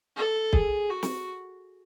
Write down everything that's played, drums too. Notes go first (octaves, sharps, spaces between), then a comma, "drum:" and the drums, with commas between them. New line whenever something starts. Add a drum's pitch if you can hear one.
A4
G#4, drum: kick
F#4
drum: snare